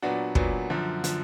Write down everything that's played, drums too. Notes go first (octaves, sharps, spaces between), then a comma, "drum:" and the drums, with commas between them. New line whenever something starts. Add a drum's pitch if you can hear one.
A#2 F#3 B3 D4 F#4
A#2 F#3 B3 D4 F#4, drum: kick
F#2 D3 F3
D3 F3, drum: hi-hat